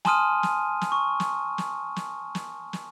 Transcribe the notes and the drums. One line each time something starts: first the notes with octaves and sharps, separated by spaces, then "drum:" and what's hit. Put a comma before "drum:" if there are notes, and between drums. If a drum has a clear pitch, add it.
G#5 A5 C6 D#6 F6 D#7, drum: snare
drum: snare
drum: snare
C#6
drum: snare
drum: snare
drum: snare
drum: snare
drum: snare